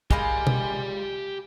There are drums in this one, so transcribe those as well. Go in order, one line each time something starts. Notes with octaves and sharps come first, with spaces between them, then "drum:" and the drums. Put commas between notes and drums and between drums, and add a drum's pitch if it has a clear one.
G#3 A#3 F4 G4 B5, drum: kick
drum: tom B2